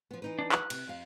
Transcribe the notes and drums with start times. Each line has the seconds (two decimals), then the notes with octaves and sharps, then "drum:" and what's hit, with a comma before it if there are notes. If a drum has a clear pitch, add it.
0.11 F3 B3
0.22 E3 D#4 B4
0.39 D4
0.52 F#6, drum: clap
0.70 C3, drum: cymbal
0.87 F2 F5